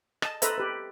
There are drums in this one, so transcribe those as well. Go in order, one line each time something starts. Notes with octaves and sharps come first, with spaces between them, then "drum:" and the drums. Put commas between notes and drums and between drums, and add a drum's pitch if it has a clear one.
D#5 A5, drum: rim click
A4 B4 C5 D#5 E5 A#5, drum: hi-hat
G4 B4